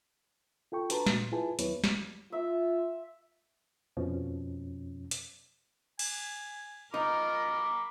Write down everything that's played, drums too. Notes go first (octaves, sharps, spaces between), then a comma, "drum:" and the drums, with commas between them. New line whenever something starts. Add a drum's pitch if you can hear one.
F4 A4 G5 C#6
D4 F#4 B4 A5 A#5 C6, drum: hi-hat
A#2, drum: snare
E4 F4 G#4 B4 G#5 A5
D#2 F#3 B3 E4 B4 C#5, drum: hi-hat
drum: snare
F4 E5
F2 B2 F3 C#4
drum: hi-hat
G#5, drum: cymbal
D#4 F4 A#4 A#5 B5 D6